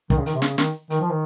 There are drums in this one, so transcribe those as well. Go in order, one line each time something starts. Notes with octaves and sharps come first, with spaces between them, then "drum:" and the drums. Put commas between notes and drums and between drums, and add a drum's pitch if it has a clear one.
D#3, drum: kick
C#3
D#3, drum: hi-hat
C3
C#3, drum: snare
D#3, drum: snare
D#3, drum: hi-hat
F3
D#3